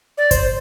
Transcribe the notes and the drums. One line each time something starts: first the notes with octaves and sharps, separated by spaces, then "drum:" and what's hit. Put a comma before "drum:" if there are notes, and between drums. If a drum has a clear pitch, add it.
D5
C5, drum: kick G1, hi-hat